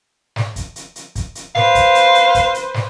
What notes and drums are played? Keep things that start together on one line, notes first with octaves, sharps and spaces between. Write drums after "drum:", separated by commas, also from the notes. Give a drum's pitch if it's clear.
drum: snare
drum: kick, hi-hat
drum: hi-hat
drum: hi-hat
drum: kick, hi-hat
drum: hi-hat
B4 C5 F5, drum: snare
drum: kick, hi-hat
drum: hi-hat
drum: hi-hat
drum: kick, hi-hat
drum: hi-hat
drum: snare